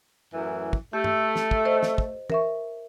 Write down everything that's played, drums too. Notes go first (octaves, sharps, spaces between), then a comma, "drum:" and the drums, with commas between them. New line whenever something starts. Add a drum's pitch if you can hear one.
F#2 A2 E3
drum: kick
A3 G4
drum: tom G2
drum: snare
drum: kick
C5 D#5
drum: snare
drum: kick
A#4 E5 C#6, drum: tom